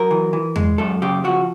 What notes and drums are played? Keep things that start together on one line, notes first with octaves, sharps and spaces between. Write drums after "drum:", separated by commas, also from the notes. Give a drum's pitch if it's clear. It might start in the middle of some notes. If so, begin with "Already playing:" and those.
Already playing: F#3 A#4
E3
E3
G#3, drum: tom E2
F#2 A4
C#3 G4
F3 F#4